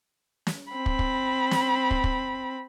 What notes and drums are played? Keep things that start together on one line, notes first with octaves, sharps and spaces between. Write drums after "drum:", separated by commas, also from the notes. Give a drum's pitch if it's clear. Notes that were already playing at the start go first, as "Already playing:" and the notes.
drum: snare
C4 B5
drum: kick
drum: kick
drum: snare
drum: kick
drum: kick